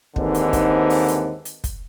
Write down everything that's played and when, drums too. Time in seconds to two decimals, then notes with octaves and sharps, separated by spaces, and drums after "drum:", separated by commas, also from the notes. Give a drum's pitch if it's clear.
0.16 D#2 G#2 D3 E3 C4 D#4, drum: kick
0.34 drum: hi-hat
0.53 drum: kick, hi-hat
0.90 drum: open hi-hat
1.08 drum: hi-hat
1.45 drum: hi-hat
1.64 drum: kick, hi-hat